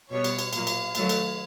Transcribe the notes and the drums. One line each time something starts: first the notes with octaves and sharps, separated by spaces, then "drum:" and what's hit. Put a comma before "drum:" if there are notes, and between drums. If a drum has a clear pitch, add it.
B2 G3 B3 C#5
drum: cymbal
drum: cymbal
A#2 F#3 A#3 F5, drum: cymbal
drum: cymbal
D#3 F#3 A3, drum: cymbal
drum: cymbal